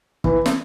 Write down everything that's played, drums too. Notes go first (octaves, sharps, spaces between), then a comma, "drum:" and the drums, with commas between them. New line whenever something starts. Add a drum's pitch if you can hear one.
E3, drum: kick
drum: snare